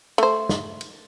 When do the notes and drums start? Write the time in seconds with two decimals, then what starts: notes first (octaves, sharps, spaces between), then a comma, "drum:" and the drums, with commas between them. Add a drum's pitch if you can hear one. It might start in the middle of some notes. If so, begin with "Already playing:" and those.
0.18 A3 C5, drum: cymbal
0.49 drum: snare
0.81 drum: cymbal